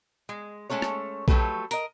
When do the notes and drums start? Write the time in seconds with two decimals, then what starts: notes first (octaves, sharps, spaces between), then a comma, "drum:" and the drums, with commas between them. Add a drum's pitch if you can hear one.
0.29 G#3
0.70 G#3 A3 C#4 A4 C#5
0.82 drum: rim click
1.28 F3 F#3 A3 G4 A4 B4, drum: kick
1.71 A#4 D#5, drum: hi-hat